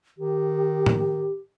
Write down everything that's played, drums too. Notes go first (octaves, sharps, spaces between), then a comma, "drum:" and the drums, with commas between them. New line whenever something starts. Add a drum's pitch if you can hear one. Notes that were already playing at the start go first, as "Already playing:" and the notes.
D#3 G4
drum: tom A2